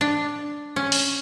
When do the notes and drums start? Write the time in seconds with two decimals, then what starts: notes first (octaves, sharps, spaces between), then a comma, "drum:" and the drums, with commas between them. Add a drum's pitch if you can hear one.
0.01 D4
0.76 C#4
0.92 drum: open hi-hat